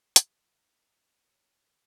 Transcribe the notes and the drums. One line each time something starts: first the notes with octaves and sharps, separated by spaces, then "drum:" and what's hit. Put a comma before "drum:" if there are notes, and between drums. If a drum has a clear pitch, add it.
drum: hi-hat
D#4 A#5
C#5